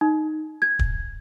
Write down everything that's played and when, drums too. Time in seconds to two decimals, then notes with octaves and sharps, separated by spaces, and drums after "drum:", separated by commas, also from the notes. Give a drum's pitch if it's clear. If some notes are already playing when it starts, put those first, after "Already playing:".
0.01 D#4
0.62 G#6
0.79 drum: kick